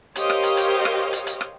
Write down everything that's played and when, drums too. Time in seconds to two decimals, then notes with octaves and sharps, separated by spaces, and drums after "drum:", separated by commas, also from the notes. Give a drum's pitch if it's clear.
0.16 G4 A#4 C5 C#5 D#5 F5, drum: hi-hat
0.30 drum: rim click
0.43 drum: hi-hat
0.57 drum: hi-hat
0.85 drum: rim click
1.13 drum: hi-hat
1.27 drum: hi-hat
1.41 drum: rim click